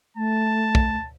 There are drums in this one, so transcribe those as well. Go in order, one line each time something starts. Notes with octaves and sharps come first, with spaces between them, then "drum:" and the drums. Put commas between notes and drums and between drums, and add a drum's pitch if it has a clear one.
A3 A5
drum: kick